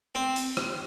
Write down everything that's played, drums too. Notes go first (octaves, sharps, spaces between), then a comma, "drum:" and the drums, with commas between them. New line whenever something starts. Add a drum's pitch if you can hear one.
C4
drum: hi-hat
drum: rim click